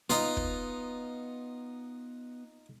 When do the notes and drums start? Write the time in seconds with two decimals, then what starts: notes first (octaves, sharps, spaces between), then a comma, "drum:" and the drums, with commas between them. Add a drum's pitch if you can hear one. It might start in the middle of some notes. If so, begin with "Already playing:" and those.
0.10 B3 D#4 F4, drum: hi-hat
0.37 drum: kick